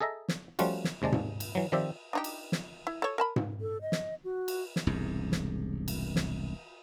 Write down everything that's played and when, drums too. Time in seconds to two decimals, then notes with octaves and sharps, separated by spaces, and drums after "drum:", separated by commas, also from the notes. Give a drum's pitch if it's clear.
0.01 G#4 A4 D#5 E5 A#5
0.28 drum: snare
0.59 F3 G3 A3 C#4 F4 F#4, drum: cymbal
0.84 drum: snare
1.02 D#2 C3 G#3 D5 A5
1.12 drum: tom G#2
1.40 drum: cymbal
1.55 E3 F#3
1.72 D#3 F3 C4 G4 D5 E5
2.13 D4 D#4 G4
2.24 drum: cymbal
2.52 drum: snare
2.87 E4
3.02 A4 C#5
3.18 A#4 A5 B5
3.36 drum: tom G#2
3.61 A4
3.82 D#5
3.92 drum: snare
4.24 F#4
4.48 drum: cymbal
4.76 drum: snare
4.87 E1 C2 G#2
5.32 drum: snare
5.88 drum: cymbal
6.16 drum: snare